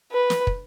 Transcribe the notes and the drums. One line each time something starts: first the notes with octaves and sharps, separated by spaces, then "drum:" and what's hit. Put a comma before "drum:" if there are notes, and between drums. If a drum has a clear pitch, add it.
B4
drum: snare
drum: kick